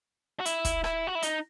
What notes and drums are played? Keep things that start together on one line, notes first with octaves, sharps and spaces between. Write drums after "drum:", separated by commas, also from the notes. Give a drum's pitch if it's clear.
F#4
E4, drum: hi-hat
drum: kick, hi-hat
E4, drum: rim click
F#4
E4
D#4, drum: hi-hat